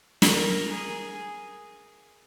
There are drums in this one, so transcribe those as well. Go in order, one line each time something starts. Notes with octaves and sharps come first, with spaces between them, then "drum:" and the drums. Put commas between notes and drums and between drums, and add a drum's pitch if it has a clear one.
A#4, drum: snare
G#4